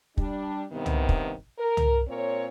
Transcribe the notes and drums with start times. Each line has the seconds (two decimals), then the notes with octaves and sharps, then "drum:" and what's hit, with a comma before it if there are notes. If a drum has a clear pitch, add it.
0.17 G3 D4, drum: kick
0.72 G2 C3 D#3 B3
0.86 drum: tom
1.09 drum: kick
1.59 A#4
1.77 drum: tom
2.08 A#2 C4 A#4 C#5